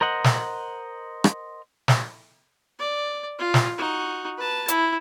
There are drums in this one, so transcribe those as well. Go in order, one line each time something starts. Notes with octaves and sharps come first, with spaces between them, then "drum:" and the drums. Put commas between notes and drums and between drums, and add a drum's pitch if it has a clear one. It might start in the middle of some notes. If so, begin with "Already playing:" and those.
A#4 C5 D#5 F#5
drum: snare
drum: rim click
drum: snare
D5
F4
drum: snare
D#4 F#4
B4 A5
E4, drum: hi-hat